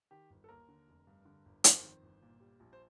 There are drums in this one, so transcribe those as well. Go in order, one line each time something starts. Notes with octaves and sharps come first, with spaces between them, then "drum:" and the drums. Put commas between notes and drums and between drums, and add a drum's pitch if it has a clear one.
D#3 G4
G1
A4
D#2 A#4
D3
F1
G2
D3
G1
F2 C5, drum: hi-hat
D#3
G1
A#2
G3
A#1
C5